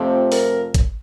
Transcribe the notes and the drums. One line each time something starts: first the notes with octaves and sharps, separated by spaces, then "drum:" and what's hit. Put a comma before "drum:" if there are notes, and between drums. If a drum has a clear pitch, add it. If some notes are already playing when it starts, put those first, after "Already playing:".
Already playing: F2 C3 F3 A3 C4
A#4, drum: open hi-hat
drum: kick, hi-hat